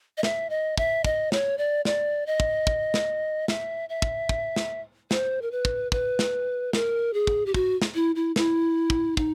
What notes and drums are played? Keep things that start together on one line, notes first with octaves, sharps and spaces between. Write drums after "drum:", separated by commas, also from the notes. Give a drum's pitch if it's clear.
D#5
E5, drum: snare
D#5
E5, drum: kick
D#5, drum: kick
C#5, drum: snare
D5
D5, drum: snare
D#5
drum: kick
drum: kick
drum: snare
E5, drum: snare
E5
drum: kick
drum: kick
drum: snare
C5, drum: snare
A#4
B4
drum: kick
B4, drum: kick
drum: snare
A#4, drum: snare
G#4
drum: kick
G4
F#4, drum: kick
drum: snare
E4
E4
E4, drum: snare
drum: kick
D#4, drum: kick